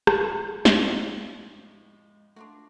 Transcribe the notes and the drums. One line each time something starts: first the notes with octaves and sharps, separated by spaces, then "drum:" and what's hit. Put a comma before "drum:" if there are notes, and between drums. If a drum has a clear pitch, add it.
C4 F5, drum: rim click
F2 A2 D#5 E5, drum: snare
G#3
A3 D4 F4 F#4